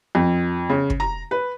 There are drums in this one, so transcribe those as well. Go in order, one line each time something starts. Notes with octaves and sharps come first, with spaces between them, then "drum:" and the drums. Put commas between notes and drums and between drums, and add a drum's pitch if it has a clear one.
F2
C#3
drum: kick
A#5
B4